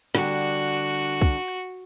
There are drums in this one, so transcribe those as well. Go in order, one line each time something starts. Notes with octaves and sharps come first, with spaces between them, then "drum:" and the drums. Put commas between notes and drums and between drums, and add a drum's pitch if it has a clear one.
D3 G3 F#4, drum: snare
drum: hi-hat
drum: hi-hat
drum: hi-hat
drum: kick, hi-hat
drum: hi-hat